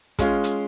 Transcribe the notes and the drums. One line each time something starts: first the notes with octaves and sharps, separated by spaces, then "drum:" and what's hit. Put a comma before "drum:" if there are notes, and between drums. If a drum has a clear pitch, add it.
G#3 C#4 F4 G#4, drum: kick, hi-hat
drum: hi-hat